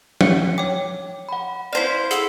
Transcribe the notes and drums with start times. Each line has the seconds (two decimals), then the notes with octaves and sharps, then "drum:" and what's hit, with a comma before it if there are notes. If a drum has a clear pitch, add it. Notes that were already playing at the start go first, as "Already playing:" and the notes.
0.21 F#5 C#7, drum: tom
0.58 C#5 G5 D6
1.29 F#5 B5
1.73 E4 C5 D5 F5 C7
2.11 G#4 A4 F#5 E6 C7, drum: hi-hat